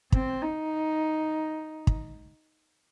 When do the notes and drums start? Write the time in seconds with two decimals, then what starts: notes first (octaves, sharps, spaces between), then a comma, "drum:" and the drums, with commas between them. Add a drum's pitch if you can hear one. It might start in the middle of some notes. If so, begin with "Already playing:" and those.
0.12 C4, drum: kick
0.41 D#4
1.87 drum: kick